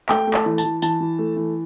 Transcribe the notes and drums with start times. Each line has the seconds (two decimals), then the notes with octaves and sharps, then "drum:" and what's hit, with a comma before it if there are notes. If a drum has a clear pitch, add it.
0.09 A3 G5, drum: clap
0.27 A3
0.34 A5, drum: clap
0.46 E3
0.58 A5, drum: tambourine
0.64 E3
0.82 E3 A5, drum: tambourine
1.01 E3
1.19 A3
1.36 E3